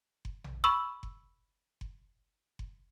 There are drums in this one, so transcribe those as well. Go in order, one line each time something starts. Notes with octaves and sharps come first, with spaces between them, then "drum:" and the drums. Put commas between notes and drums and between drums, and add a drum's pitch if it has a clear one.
drum: kick F#1
drum: tom A#1
B5 C#6 E6
drum: kick F#1
drum: kick F#1
drum: kick F#1